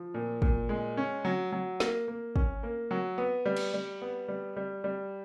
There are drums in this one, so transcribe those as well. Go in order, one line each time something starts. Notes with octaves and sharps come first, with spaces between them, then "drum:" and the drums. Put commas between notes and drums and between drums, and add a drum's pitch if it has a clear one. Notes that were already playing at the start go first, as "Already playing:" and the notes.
Already playing: F3
A#2
A#2, drum: kick
G#3
C#4
F#3
F#3
A#3, drum: snare
A#3
C#4, drum: kick
A#3
F#3
B3
G3
drum: cymbal
G3
B3
G3
G3
G3